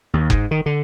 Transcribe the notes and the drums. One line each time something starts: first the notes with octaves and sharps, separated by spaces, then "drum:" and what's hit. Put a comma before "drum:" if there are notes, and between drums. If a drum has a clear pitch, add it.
D#2
G#2, drum: kick F#1
D#3
D3